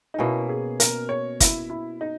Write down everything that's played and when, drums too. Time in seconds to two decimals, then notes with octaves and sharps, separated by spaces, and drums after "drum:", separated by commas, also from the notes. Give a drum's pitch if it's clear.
0.14 D#4
0.19 B2 A#3 C#4 E4
0.49 G#4
0.80 A#4, drum: hi-hat
1.09 C#5
1.40 E4, drum: kick, hi-hat
1.70 E4
2.01 D#4